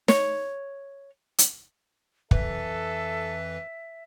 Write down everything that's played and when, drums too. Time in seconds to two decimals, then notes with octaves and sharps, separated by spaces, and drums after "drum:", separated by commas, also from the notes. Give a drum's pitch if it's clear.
0.08 C#5, drum: snare
1.38 drum: hi-hat
2.31 F2 E3 A4 B4 E5, drum: kick